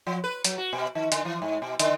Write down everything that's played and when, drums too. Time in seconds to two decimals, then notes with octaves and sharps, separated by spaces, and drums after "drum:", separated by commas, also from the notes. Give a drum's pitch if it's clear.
0.07 F3
0.24 B4
0.44 F#3, drum: hi-hat
0.58 F#4
0.73 B2
0.95 D#3
1.12 D3, drum: hi-hat
1.25 E3
1.42 G#2
1.62 B2
1.79 D3, drum: hi-hat